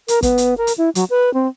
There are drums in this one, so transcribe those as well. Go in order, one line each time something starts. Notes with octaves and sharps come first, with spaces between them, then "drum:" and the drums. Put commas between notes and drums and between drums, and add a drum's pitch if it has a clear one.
A#4, drum: hi-hat
B3, drum: kick, hi-hat
drum: hi-hat
A#4
drum: hi-hat
E4
F#3, drum: hi-hat
B4
C4